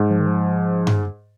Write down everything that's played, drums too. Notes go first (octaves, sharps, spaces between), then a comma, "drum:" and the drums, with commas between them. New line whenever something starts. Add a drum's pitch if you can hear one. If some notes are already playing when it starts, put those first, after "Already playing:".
Already playing: G#2
F3
D#3
F3
drum: tom G2